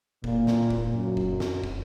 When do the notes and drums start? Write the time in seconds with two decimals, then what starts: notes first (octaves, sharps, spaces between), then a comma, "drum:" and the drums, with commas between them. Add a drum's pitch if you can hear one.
0.24 A#2, drum: kick
0.47 drum: snare
0.70 drum: kick
0.93 F#2
1.17 drum: kick
1.40 drum: snare
1.64 drum: kick